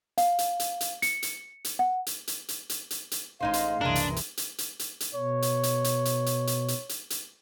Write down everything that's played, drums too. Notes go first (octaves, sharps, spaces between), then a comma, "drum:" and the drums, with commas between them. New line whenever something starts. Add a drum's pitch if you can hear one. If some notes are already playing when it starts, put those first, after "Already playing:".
F5, drum: hi-hat
drum: hi-hat
drum: hi-hat
drum: hi-hat
C#7, drum: hi-hat
drum: hi-hat
drum: hi-hat
F#5
drum: hi-hat
drum: hi-hat
drum: hi-hat
drum: hi-hat
drum: hi-hat
drum: hi-hat
A1 A2 G#3 D#4 C5 F5
drum: hi-hat
F#1 C2 E3 G#3 D4 A#4
drum: hi-hat
drum: hi-hat
drum: hi-hat
drum: hi-hat
drum: hi-hat
drum: hi-hat
B2 C#5
drum: hi-hat
drum: hi-hat
drum: hi-hat
drum: hi-hat
drum: hi-hat
drum: hi-hat
drum: hi-hat
drum: hi-hat
drum: hi-hat